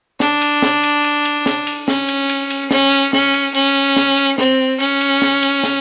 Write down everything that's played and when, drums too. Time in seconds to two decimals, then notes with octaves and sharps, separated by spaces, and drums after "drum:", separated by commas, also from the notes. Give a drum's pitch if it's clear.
0.20 D4, drum: snare
0.42 drum: cymbal
0.62 drum: snare
0.83 drum: cymbal
1.04 drum: cymbal
1.25 drum: cymbal
1.46 drum: snare
1.67 drum: cymbal
1.88 C#4, drum: snare
2.09 drum: cymbal
2.29 drum: cymbal
2.50 drum: cymbal
2.71 C#4, drum: snare
2.92 drum: cymbal
3.13 C#4, drum: snare
3.34 drum: cymbal
3.55 C#4, drum: cymbal
3.97 drum: snare
4.17 drum: cymbal
4.38 C4, drum: snare
4.80 C#4, drum: cymbal
5.01 drum: cymbal
5.22 drum: snare
5.43 drum: cymbal
5.64 drum: snare